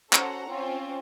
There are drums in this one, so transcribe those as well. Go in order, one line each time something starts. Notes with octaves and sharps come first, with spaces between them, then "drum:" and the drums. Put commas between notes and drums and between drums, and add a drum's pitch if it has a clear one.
C#4 F#4 A4 C5 F#5 A#5, drum: clap
C4 C#4 F4 C#5